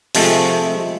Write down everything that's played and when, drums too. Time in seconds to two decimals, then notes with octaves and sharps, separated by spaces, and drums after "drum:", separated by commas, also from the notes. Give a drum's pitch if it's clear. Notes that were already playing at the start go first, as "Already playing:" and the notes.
0.15 C3 F3 G#3 A3, drum: open hi-hat